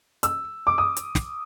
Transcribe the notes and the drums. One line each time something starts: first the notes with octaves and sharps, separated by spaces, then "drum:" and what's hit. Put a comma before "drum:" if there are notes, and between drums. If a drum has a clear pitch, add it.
E6, drum: hi-hat
D6
D#6
drum: hi-hat
drum: snare